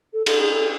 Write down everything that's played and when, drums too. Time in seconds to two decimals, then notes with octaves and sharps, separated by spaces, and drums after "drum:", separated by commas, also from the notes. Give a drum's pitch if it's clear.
0.13 A4
0.26 A4, drum: cymbal
0.40 G#4
0.52 A4